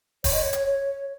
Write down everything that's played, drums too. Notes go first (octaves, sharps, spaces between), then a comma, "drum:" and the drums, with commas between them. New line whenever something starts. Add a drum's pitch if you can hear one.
C#5, drum: kick E1, open hi-hat
D#5
C#5
drum: hi-hat
C#5